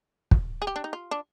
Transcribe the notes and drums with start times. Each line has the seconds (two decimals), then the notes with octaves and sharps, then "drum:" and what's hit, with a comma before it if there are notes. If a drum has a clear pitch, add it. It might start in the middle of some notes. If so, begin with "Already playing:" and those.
0.31 drum: kick
0.62 G#4
0.67 G4
0.76 D4
0.84 D#4
0.93 F4
1.11 D4